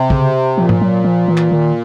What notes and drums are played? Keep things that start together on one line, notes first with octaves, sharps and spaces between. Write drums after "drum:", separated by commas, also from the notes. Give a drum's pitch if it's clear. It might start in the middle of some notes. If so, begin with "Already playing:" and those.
Already playing: C3
C#3, drum: kick
A#2 F3
drum: tom G#2
F#3
F3
E3
drum: clap
D#3